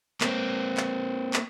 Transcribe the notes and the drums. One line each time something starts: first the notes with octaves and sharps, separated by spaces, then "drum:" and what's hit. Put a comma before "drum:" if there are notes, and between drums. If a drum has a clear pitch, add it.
A#3 C4, drum: clap
drum: clap
drum: clap